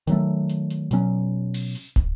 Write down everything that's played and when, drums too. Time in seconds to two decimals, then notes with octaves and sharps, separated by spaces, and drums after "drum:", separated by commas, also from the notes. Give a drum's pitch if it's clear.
0.07 D#3 F#3 A3, drum: hi-hat
0.49 drum: hi-hat
0.70 drum: hi-hat
0.91 B2 F#3 C#4, drum: hi-hat
1.54 drum: open hi-hat
1.75 drum: hi-hat
1.96 drum: kick, hi-hat